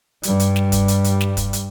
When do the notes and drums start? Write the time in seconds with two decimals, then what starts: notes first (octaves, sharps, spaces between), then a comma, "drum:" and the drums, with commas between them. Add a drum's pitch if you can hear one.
0.23 G2 G3, drum: hi-hat
0.40 drum: hi-hat
0.56 drum: snare
0.72 drum: kick, hi-hat
0.88 drum: hi-hat
1.04 drum: hi-hat
1.21 drum: snare
1.37 drum: kick, hi-hat
1.53 drum: hi-hat